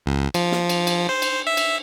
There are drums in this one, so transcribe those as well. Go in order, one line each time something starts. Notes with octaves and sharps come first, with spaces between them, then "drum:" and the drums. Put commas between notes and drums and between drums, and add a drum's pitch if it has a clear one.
C#2
F3, drum: cymbal
drum: snare
drum: cymbal
drum: cymbal
C5
drum: cymbal
E5
drum: cymbal